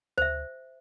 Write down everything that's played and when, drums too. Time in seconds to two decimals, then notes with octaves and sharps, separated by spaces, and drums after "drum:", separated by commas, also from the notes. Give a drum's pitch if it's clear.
0.18 C5 E5, drum: tom D2